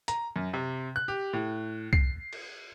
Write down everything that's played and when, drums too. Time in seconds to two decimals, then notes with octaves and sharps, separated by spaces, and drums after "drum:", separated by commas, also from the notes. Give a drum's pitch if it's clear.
0.08 A#5, drum: hi-hat
0.36 F#2
0.54 C3
0.96 F#6
1.08 G4
1.33 A2
1.93 C7, drum: kick C2
2.33 drum: cymbal